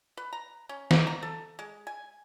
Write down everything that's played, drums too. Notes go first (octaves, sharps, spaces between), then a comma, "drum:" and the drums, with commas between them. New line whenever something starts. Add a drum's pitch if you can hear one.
B4
A#5
C#4
drum: snare
A#5
A4
G#3
G#5